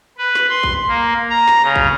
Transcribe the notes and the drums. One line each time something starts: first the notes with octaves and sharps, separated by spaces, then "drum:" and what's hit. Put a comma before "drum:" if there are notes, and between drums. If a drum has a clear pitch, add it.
B4
drum: snare
C6
drum: kick
A#3
A#5
drum: snare
C#3
drum: kick